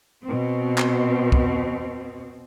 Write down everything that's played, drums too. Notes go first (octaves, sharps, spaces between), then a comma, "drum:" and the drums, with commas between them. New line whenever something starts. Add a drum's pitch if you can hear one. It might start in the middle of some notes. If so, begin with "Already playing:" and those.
B2 C4
drum: clap
drum: kick